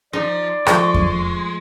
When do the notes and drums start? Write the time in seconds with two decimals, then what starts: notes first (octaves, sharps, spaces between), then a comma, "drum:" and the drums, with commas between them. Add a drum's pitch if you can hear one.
0.13 F3 D#4 D5
0.67 F3 G#3 A3 C#6, drum: rim click
0.94 drum: kick F2